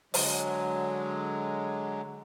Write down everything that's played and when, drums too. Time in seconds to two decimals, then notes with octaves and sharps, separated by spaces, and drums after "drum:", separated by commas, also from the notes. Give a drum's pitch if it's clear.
0.14 D3 F#3 G#3, drum: open hi-hat